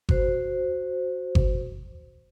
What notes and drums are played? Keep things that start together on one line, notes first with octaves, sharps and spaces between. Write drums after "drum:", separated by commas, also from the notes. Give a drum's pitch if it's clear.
F#4 C5, drum: kick G1
drum: kick G1